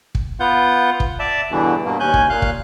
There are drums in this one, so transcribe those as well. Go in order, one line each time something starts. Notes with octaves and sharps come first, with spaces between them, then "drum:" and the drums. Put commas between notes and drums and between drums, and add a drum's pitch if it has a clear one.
drum: kick
B3 F4 F#5 G6
drum: kick
D5 E5 A5
E2 G2 B2 D3 E3
G2 B2 A#3
D#2 C#4 G#5 F#6 G6
drum: kick
A#2 F5 F#6
drum: kick